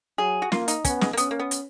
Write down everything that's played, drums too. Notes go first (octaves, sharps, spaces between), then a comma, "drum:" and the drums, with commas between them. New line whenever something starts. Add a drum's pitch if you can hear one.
F#3 G#4
F#4
A#3 F4, drum: snare
D#4, drum: hi-hat
B3 C#4, drum: kick, hi-hat
G#3, drum: snare
A#3
B3 C#4, drum: hi-hat
A#3
B3
drum: hi-hat